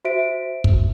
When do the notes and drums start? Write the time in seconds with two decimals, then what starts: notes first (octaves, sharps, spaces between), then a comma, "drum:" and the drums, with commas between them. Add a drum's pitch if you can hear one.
0.05 F#4 C5 E5 B6 D7
0.64 drum: kick